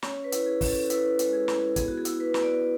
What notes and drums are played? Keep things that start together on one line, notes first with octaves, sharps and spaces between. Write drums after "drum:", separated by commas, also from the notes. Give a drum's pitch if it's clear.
C#4 C#5, drum: snare
B4
E4, drum: hi-hat
G#4
C#4, drum: kick, open hi-hat
A4
E4 B4, drum: hi-hat
G#3, drum: hi-hat
G#4
E4, drum: snare
B3 G#4, drum: kick, hi-hat
F#4
G#4
E4, drum: hi-hat
B4
B3, drum: snare
D5